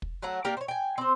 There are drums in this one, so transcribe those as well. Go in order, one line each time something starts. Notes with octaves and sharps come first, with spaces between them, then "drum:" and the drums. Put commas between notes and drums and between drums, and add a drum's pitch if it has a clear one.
drum: kick
F#3 A3 F#5 A#5
A#3 D4 G4 A#4
C5 C#5
G5 G#5
C4 C5